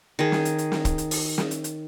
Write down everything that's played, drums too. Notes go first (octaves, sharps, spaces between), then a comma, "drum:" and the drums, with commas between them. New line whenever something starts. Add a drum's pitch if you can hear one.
D#3 G#4
drum: snare
drum: hi-hat
drum: hi-hat
drum: snare
drum: kick, hi-hat
drum: hi-hat
drum: open hi-hat
drum: snare
drum: hi-hat
drum: hi-hat